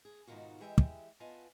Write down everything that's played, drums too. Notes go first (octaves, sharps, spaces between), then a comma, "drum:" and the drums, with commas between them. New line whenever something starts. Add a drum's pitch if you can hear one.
G#4
G#2 B2 D#3 D#4 F4 F#4
E3 G#3 G4 D#5 E5 G5
drum: kick
B3 F4 D#5 G#5 A5